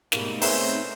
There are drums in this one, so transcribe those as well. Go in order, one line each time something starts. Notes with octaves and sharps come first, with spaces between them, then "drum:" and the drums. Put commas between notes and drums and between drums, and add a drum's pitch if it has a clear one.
G#2 B2 G3 A3 A#3 C4 D#4, drum: snare
B3 G#4 A#4 C5 C#5 E5, drum: open hi-hat